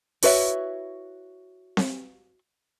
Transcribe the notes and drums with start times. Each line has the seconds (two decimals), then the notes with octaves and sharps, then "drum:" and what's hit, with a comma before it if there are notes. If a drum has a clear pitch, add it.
0.23 E4 F#4 B4 C#5 E5, drum: open hi-hat
1.77 drum: snare C4